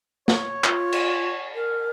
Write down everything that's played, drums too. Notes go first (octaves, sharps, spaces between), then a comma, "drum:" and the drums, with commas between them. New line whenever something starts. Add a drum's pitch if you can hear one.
C#5, drum: snare
F4, drum: clap
drum: cymbal
A#4